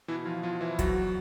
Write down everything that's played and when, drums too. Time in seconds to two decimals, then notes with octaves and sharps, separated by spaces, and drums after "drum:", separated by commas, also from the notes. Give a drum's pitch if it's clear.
0.08 B2 E3 E4
0.26 F3 F4
0.43 B2 F3 F4
0.61 E3 E4
0.79 E2 F#3 F#4, drum: kick, hi-hat